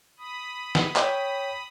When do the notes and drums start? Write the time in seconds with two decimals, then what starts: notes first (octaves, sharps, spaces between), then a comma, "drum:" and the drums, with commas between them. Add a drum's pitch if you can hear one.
0.18 B5 D#6
0.75 drum: snare
0.96 C#5 G5, drum: clap